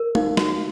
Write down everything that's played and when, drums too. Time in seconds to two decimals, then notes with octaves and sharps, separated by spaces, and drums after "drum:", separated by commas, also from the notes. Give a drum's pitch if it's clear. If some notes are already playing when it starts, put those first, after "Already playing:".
Already playing: A#4
0.15 D#4 F5, drum: tom
0.37 F#4, drum: snare